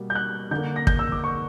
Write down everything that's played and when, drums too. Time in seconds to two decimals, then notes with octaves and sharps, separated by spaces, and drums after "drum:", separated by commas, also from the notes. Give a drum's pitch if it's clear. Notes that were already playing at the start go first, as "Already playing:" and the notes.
Already playing: B2 G3 A#3
0.10 G6
0.15 F#6
0.51 D3 A#3 G6
0.76 A#6
0.87 G6, drum: kick
0.99 E6
1.12 D6
1.24 C#6